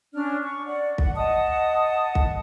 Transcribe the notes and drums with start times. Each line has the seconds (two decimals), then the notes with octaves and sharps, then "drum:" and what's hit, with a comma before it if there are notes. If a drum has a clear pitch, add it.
0.14 C#4 D4 D5 F6
0.43 C#6
0.66 D5 F#5
0.98 F#5, drum: kick
1.16 D#5 F#5 A5 D#6
2.15 drum: kick